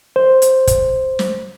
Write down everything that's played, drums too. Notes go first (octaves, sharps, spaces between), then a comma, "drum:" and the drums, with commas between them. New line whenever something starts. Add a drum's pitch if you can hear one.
C5
drum: hi-hat
drum: kick, hi-hat
drum: snare